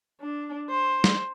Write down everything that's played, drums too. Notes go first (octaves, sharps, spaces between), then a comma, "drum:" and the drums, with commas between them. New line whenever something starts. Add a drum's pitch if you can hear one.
D4
C5
drum: snare